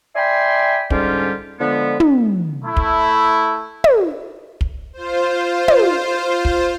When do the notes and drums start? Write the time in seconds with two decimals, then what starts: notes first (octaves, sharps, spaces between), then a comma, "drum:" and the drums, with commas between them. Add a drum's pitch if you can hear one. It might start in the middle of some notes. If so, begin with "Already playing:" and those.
0.16 D5 E5 G5 G#5 B5 C6
0.90 G#2 D3 G3 C#4 F4 G4, drum: kick
1.60 D3 F3 G#3 B3
2.00 drum: tom
2.65 A3 E4
2.77 drum: kick
3.84 drum: tom
4.61 drum: kick
4.93 F4 C5
5.68 drum: tom
6.45 drum: kick